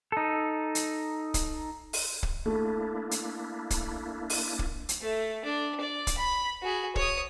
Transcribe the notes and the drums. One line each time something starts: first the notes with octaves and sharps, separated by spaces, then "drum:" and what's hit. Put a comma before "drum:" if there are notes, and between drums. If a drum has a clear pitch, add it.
D#4 A4
drum: hi-hat
drum: kick, hi-hat
drum: open hi-hat
drum: kick
A3 A#3 D4 E4
drum: hi-hat
drum: kick, hi-hat
drum: open hi-hat
drum: kick
drum: hi-hat
A3
D4
D5
drum: kick, hi-hat
B5
F#4 G#4
C#5 D#6, drum: kick